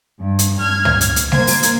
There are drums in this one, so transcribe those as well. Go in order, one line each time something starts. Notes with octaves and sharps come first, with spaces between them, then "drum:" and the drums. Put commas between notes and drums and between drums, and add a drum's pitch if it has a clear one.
G2
drum: hi-hat
F6 G#6
drum: tom
drum: hi-hat
drum: hi-hat
A#3 C5 G#6, drum: snare G3
drum: open hi-hat
drum: hi-hat